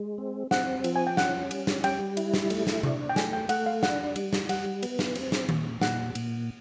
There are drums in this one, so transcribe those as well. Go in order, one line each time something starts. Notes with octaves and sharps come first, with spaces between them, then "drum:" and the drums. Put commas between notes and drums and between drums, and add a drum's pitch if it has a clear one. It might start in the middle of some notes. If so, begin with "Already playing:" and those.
Already playing: G#3
C4
C4 F#5, drum: snare
F3, drum: cymbal
G#5
G5
C#4 F#5, drum: snare
G3, drum: cymbal
drum: snare
G3 G5, drum: cymbal
E4, drum: cymbal
drum: snare
A3, drum: cymbal
drum: snare
D4, drum: tom C3
G5
A3 G#5, drum: snare
G5
A3 F#5, drum: cymbal
F5
D4 F#5, drum: snare
G3, drum: cymbal
drum: snare
G3 F#5, drum: cymbal
B3, drum: cymbal
drum: snare
C4, drum: cymbal
drum: snare
A#2, drum: tom D#3
A#2 F#5, drum: snare
A#2, drum: cymbal